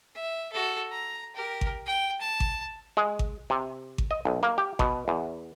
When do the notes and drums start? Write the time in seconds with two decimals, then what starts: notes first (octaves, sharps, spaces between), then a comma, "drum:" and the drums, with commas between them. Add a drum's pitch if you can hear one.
0.15 E5
0.52 F#4 A4
0.91 A#5
1.35 G4 A#4
1.61 drum: kick G#1
1.86 G5
2.21 A5
2.40 drum: kick G#1
2.97 G#3
3.19 drum: kick G#1
3.50 C3
3.98 drum: kick G#1
4.11 D#5
4.25 B1
4.43 A#3
4.58 G4
4.79 B2, drum: kick G#1
5.08 E2